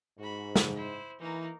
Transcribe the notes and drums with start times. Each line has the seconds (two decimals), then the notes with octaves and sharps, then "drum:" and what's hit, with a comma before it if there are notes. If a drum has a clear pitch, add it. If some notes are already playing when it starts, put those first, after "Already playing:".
0.19 G#2 F#4 B5
0.56 drum: snare
0.76 E4 C5
1.21 E3 A#3 D#4